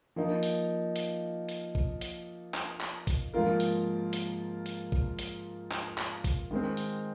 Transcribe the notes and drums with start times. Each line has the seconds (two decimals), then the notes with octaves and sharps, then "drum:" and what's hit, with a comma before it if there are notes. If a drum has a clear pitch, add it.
0.16 F3 A#3 D#4
0.43 drum: hi-hat
0.96 drum: hi-hat
1.49 drum: hi-hat
1.75 drum: kick A1
2.01 drum: hi-hat
2.54 drum: clap
2.81 drum: clap
3.07 drum: kick A1, hi-hat
3.34 G#2 F3 A#3 F4 A#4
3.60 drum: hi-hat
4.13 drum: hi-hat
4.66 drum: hi-hat
4.92 drum: kick A1
5.19 drum: hi-hat
5.71 drum: clap
5.98 drum: clap
6.24 drum: kick A1, hi-hat
6.51 D#3 G#3 C4
6.77 drum: hi-hat